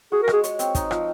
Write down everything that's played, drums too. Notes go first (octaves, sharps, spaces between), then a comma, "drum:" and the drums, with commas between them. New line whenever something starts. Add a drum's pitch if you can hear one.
F#4 G#4
A#4
G#3, drum: rim click
G#4
C#5, drum: hi-hat
C4, drum: hi-hat
D#4, drum: kick, hi-hat
F3, drum: rim click